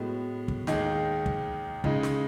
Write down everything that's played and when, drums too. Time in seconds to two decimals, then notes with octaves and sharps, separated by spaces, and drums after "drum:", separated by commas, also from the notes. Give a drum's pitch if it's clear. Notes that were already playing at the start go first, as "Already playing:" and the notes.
Already playing: A2 G#3 B3 F#4
0.48 drum: kick
0.67 D#2 D#3 G#3 D#4 G#4, drum: snare
1.26 drum: kick
1.84 C#3 G#3 D#4, drum: kick
2.03 drum: snare